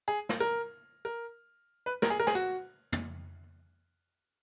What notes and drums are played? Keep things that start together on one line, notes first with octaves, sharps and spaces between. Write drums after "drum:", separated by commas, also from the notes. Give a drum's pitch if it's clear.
G#4
drum: snare
A#4
A#4
B4
A#4, drum: snare
G#4
A#4
G#4, drum: snare
F#4
drum: tom